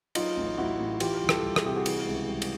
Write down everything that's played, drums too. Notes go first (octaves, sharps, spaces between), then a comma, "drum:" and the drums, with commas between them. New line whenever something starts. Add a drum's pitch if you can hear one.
F#3 D#4 F4, drum: cymbal
A1
A1 E4 F#4
A2
E3 F4 G4, drum: cymbal
C2
G4 A4, drum: rim click
C2
G#4, drum: rim click
C3 G4
F#4 G#4
E3, drum: cymbal
C#2
G3
drum: cymbal